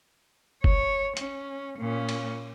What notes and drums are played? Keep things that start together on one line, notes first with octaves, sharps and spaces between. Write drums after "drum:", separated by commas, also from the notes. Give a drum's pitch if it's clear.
C#5, drum: kick F#1
C#4, drum: hi-hat
A#2 C#4
drum: cymbal